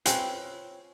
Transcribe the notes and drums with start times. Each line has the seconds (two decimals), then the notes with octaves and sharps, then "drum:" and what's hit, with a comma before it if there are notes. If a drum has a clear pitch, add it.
0.06 C4 C#4 F4 B4, drum: hi-hat